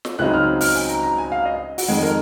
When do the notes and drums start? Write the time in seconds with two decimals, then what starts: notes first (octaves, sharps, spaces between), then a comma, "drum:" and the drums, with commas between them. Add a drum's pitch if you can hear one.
0.05 drum: snare
0.19 C#2 C#3 F#3 C4 D#4 F#6
0.34 F6
0.61 F6, drum: open hi-hat
0.75 G#5
0.89 A#5
1.03 A#5
1.18 G#5
1.32 F5
1.45 D#5
1.78 F#4, drum: open hi-hat
1.88 F2 D#3 G#3
2.02 A#4